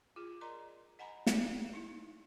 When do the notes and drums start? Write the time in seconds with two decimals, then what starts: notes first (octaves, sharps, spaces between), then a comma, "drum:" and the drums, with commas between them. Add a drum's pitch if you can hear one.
0.16 F4 G#4
0.41 A#4 D5 D#5 A#5 C6
0.99 D#5 F#5 G#5 A#5 B5
1.27 drum: snare
1.73 D#4 E4